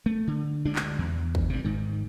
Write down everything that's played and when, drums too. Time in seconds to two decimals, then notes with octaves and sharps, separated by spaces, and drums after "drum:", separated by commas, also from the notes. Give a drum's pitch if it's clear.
0.06 A3
0.27 D3
0.65 D2 D3 G#3 D4
0.76 drum: clap
0.99 E2
1.35 drum: kick
1.50 G2 C3
1.65 G#2 D#3